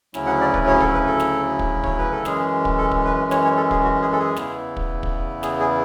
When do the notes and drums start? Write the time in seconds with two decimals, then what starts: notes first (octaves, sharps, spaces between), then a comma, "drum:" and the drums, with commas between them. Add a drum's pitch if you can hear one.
0.14 D2 C#3 F#3 C#4 E4, drum: snare
0.26 F#5
0.41 D5
0.54 B4, drum: kick
0.67 C#5
0.80 A4, drum: kick
0.94 B4
1.07 A4
1.20 drum: snare
1.59 drum: kick
1.84 C#5, drum: kick
1.98 B4
2.12 A4
2.25 F#2 E3 G#3 C#4 G#4, drum: snare
2.65 drum: kick
2.78 A4
2.91 drum: kick
3.05 B4
3.31 C#5, drum: snare
3.44 C#5
3.57 A4
3.71 G#4, drum: kick
3.84 F#4
4.02 G#4
4.13 A4
4.19 G#4
4.36 E2 C#3 E3 B3 E4, drum: snare
4.77 drum: kick
5.03 drum: kick
5.43 G#4, drum: snare
5.60 G#4